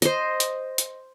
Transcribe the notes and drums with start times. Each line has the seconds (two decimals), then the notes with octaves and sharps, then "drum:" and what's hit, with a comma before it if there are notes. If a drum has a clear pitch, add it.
0.02 C5 D#5, drum: hi-hat
0.40 drum: hi-hat
0.78 drum: hi-hat